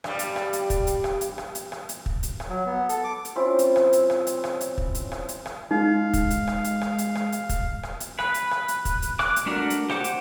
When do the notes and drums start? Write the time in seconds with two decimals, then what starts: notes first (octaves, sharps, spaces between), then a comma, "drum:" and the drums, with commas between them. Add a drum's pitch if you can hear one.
0.04 G2 G3, drum: rim click
0.19 drum: hi-hat
0.36 drum: rim click
0.53 drum: hi-hat
0.70 drum: kick, hi-hat
0.87 drum: hi-hat
1.04 drum: rim click
1.21 drum: hi-hat
1.38 drum: rim click
1.55 drum: hi-hat
1.72 drum: rim click
1.89 drum: hi-hat
2.06 drum: kick
2.23 drum: hi-hat
2.40 drum: rim click
2.49 F#3
2.66 B3
2.89 A4, drum: hi-hat
3.04 D6
3.25 drum: hi-hat
3.36 C4 C#4 E4 F4
3.59 drum: hi-hat
3.76 drum: rim click
3.93 drum: hi-hat
4.10 drum: rim click
4.27 drum: hi-hat
4.44 drum: rim click
4.61 drum: hi-hat
4.78 drum: kick
4.95 drum: hi-hat
5.12 drum: rim click
5.29 drum: hi-hat
5.46 drum: rim click
5.71 G#3 D#4 F5
6.13 drum: kick, hi-hat
6.30 drum: hi-hat
6.47 drum: rim click
6.64 drum: hi-hat
6.81 drum: rim click
6.98 drum: hi-hat
7.15 drum: rim click
7.32 drum: hi-hat
7.49 drum: kick, hi-hat
7.83 drum: rim click
8.00 drum: hi-hat
8.19 B4, drum: rim click
8.34 drum: hi-hat
8.51 drum: rim click
8.68 drum: hi-hat
8.85 drum: kick, hi-hat
9.02 drum: hi-hat
9.19 D6 F#6, drum: rim click
9.36 drum: hi-hat
9.46 A3 D4 F#4 A#4
9.70 drum: hi-hat
9.90 G4 C5 F#5 D6, drum: rim click
10.04 drum: hi-hat